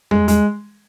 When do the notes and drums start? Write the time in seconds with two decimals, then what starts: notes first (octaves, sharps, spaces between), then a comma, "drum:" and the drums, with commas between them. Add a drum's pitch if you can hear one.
0.11 G#3, drum: tom E2
0.28 G#3, drum: hi-hat